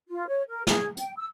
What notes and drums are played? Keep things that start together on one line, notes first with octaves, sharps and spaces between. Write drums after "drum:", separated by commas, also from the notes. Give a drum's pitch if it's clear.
F4
C#5
A#4
G#4, drum: snare
G5, drum: hi-hat
E6